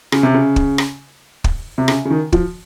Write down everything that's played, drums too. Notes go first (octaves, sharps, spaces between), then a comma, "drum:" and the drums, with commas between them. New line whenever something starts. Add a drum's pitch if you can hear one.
C#3, drum: rim click
C3
C#3
drum: kick
drum: rim click
drum: kick
C3
C#3, drum: rim click
C#3
D#3
F3, drum: kick